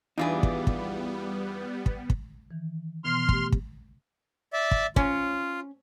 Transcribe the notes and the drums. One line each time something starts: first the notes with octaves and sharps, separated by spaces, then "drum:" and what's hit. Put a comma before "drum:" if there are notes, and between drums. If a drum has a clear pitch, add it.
E2 E3 G3 B3 D4 D#4 F4 G#4
drum: kick
drum: kick
drum: kick
drum: kick
D#3 E3
B2 E3 B3 C6 F6
A3 G4, drum: kick
drum: kick
D5 E5
drum: kick
C#4 F4, drum: kick